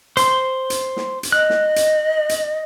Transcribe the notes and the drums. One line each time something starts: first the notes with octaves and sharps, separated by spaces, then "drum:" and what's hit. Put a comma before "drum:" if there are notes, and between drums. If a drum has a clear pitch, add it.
C5 C6, drum: hi-hat
drum: hi-hat
drum: snare
drum: hi-hat
D#5 F#6
drum: snare
drum: hi-hat
drum: hi-hat